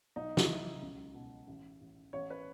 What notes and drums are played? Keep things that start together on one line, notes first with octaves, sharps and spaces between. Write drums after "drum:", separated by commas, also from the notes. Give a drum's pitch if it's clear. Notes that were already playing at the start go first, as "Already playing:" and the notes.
B1 D#4
E4, drum: snare
B1
C#2
B2
A1
A1
A1 C#5
B4